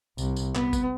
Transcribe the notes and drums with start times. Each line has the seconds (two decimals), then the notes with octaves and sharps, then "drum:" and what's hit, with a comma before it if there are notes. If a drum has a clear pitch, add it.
0.18 C2, drum: tambourine
0.36 drum: tambourine
0.55 B3, drum: clap
0.73 drum: kick G1, tambourine